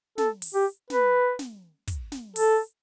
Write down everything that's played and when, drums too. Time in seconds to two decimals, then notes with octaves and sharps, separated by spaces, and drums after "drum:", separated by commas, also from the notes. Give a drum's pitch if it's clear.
0.18 A4, drum: snare
0.42 drum: open hi-hat
0.54 G4
0.90 B4, drum: snare
1.39 drum: snare
1.87 drum: kick, hi-hat
2.12 drum: snare
2.36 A4, drum: open hi-hat